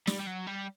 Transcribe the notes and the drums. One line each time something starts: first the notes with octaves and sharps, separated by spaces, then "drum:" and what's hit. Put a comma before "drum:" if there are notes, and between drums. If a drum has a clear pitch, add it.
G3, drum: snare
G3
F#3
G3